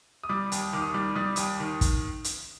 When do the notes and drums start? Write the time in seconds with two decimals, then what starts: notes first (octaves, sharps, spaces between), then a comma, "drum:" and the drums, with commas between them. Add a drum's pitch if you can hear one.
0.23 D#6
0.29 G3 D6
0.52 D#2, drum: hi-hat
0.73 D#3 D6
0.82 D#6
0.90 G3 D6
1.15 G3 D#6
1.26 D6
1.36 D#2 D#6, drum: hi-hat
1.60 D#3
1.81 drum: kick, hi-hat
2.24 drum: hi-hat